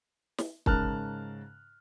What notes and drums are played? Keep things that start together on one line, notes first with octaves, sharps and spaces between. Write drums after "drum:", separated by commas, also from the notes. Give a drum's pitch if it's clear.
drum: snare
G#2 C#3 A#4 A5 F6 F#6, drum: kick